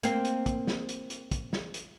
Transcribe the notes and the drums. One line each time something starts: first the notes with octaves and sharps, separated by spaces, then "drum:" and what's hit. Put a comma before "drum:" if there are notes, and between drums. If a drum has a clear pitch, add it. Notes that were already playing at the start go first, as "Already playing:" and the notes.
A#3 C4, drum: hi-hat
drum: hi-hat
drum: kick, hi-hat
drum: snare
drum: hi-hat
drum: hi-hat
drum: kick, hi-hat
drum: snare
drum: hi-hat